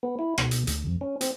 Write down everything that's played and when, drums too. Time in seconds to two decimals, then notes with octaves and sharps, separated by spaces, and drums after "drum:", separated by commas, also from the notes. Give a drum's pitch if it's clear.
0.03 B3
0.19 E4
0.38 B2, drum: rim click
0.51 drum: hi-hat
0.67 D2, drum: hi-hat
0.87 F2
1.01 C#4
1.21 C4, drum: hi-hat